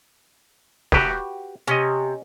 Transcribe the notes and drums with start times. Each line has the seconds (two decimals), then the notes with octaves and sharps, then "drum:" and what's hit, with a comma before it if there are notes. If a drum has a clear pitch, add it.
0.92 F#4 G4 B4, drum: snare
1.67 C3 C#4 D#5